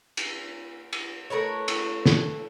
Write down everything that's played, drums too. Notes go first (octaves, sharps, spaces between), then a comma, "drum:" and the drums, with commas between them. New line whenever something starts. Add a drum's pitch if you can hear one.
drum: cymbal
drum: cymbal
A3 A#4 B4 C#5
drum: cymbal
drum: snare